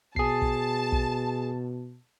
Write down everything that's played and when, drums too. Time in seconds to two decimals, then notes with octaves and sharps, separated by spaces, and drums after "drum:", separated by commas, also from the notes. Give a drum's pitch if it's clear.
0.16 B2 G#4 A5 C7, drum: kick
0.42 drum: kick
0.92 drum: kick